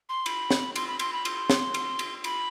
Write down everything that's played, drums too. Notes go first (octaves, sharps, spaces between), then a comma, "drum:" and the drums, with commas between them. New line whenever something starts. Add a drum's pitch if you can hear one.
C6
B5, drum: cymbal
drum: snare
C6, drum: cymbal
B5
C6, drum: cymbal
B5
C6, drum: cymbal
drum: snare
drum: cymbal
drum: cymbal
B5, drum: cymbal